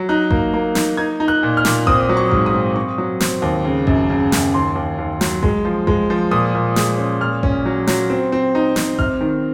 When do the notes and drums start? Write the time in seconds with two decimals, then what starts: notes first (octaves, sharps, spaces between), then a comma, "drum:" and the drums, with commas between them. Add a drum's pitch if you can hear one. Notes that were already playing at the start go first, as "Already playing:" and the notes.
Already playing: F#3
0.09 D#4 F#6
0.31 A#3, drum: kick A1
0.54 A#3
0.75 D#4, drum: snare
0.97 D#4 G#6
1.20 D#4
1.28 F#6
1.43 A#2
1.57 F6
1.65 A#2, drum: snare
1.87 C4 D#6, drum: kick A1
2.09 F#3
2.17 C#6
2.31 G#2, drum: kick A1
2.46 D#6
2.54 C4
2.76 C4 C#6
2.98 F#3
3.20 C4, drum: snare
3.42 D#2
3.65 C#3
3.87 F#2, drum: kick A1
4.09 C#3
4.32 F#2, drum: snare
4.54 D#2 C6
4.75 D#2
4.99 D#2
5.21 F#3, drum: snare
5.43 G#3, drum: kick A1
5.65 F3
5.87 G#3, drum: kick A1
6.10 F3
6.31 A#2 D#6
6.55 A#2
6.76 G#3, drum: snare
6.98 C#4
7.21 A#2 F6
7.43 C#4, drum: kick A1
7.66 F#3
7.87 F#3, drum: snare
8.10 C4
8.32 C4
8.55 D#4
8.76 C4, drum: snare
8.99 C3 F6, drum: kick A1
9.21 D#3